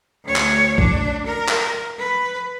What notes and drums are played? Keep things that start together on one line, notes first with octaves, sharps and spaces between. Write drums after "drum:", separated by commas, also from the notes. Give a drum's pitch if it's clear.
D2 C#5
drum: clap
D4, drum: kick B1
A#4
drum: clap
B4